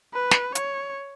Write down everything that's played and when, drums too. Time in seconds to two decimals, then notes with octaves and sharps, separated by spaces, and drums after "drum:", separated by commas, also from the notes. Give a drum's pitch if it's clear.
0.13 B4
0.31 drum: snare
0.55 C#5, drum: hi-hat